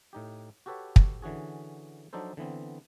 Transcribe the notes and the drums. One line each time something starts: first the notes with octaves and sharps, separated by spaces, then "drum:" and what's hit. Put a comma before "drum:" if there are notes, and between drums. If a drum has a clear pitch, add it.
A2 D#4 G4
F#4 G4 A4 B4 C#5 F#5
drum: kick
D3 E3 C#4 F#4 G#4
F3 F#3 D4 D#4 A4 C5
D3 E3 B3 C4